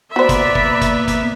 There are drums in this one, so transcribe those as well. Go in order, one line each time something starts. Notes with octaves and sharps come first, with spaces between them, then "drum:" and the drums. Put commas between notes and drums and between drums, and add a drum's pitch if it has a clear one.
A#3 B3 F#4 C5 D5 E5 B5
drum: kick, hi-hat
drum: kick
drum: kick, hi-hat
drum: kick, hi-hat